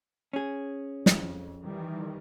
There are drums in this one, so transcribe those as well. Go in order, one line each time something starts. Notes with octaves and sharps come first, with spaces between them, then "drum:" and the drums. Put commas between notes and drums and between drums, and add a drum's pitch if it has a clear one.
C#4 G#4
F2, drum: snare
D#3 E3 G3